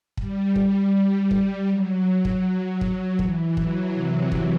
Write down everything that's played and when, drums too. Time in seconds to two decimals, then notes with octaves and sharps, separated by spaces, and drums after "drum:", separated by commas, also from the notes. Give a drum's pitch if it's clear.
0.17 G3, drum: kick
0.56 drum: kick
1.31 drum: kick
1.69 F#3
2.25 drum: kick
2.81 drum: kick
3.19 E3, drum: kick
3.57 F#3, drum: kick
3.94 C3
4.32 drum: kick